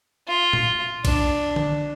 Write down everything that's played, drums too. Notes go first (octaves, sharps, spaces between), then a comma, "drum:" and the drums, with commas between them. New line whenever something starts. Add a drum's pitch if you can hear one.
F4
drum: tom A2
D4, drum: kick B1, cymbal
drum: tom D3